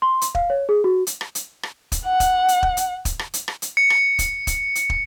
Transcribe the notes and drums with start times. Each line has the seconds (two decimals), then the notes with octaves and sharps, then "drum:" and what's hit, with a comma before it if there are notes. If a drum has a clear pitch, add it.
0.02 C6
0.21 drum: hi-hat
0.35 F5, drum: kick
0.50 C#5
0.69 G#4
0.84 F#4
1.07 drum: hi-hat
1.21 drum: rim click
1.35 drum: hi-hat
1.63 drum: rim click
1.92 drum: kick, hi-hat
2.06 F#5
2.20 drum: kick, hi-hat
2.48 drum: hi-hat
2.63 drum: kick
2.77 drum: hi-hat
3.05 drum: kick, hi-hat
3.19 drum: rim click
3.34 drum: hi-hat
3.48 drum: rim click
3.62 drum: hi-hat
3.77 C#7
3.90 drum: rim click
4.19 drum: kick, hi-hat
4.47 drum: kick, hi-hat
4.75 drum: hi-hat
4.90 drum: kick